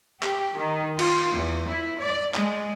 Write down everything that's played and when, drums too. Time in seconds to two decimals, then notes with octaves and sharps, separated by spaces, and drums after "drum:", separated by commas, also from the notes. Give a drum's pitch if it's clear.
0.22 G4, drum: clap
0.55 D#3
0.99 F4, drum: cymbal
1.36 E2
1.67 E4
2.00 D5
2.34 G#3, drum: clap